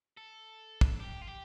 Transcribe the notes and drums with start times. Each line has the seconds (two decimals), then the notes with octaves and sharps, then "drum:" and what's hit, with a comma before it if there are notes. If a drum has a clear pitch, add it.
0.17 A4
0.81 drum: kick
1.00 G4
1.22 F4
1.27 G4